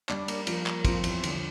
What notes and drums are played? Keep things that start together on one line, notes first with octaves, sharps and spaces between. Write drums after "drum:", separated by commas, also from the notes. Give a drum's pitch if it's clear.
G3 D4, drum: clap
A#3, drum: cymbal
F3 A#3, drum: cymbal
A#3, drum: clap
F3 C4, drum: kick, cymbal
E2, drum: cymbal
D3, drum: cymbal